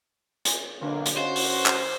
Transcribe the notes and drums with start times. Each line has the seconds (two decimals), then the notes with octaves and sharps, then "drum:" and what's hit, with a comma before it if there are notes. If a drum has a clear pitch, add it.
0.45 G#5 C6, drum: hi-hat
0.82 B1 D3 A#3 D4
1.06 drum: hi-hat
1.17 C#4 F#4 C5 D#5 F5
1.36 drum: open hi-hat
1.66 drum: clap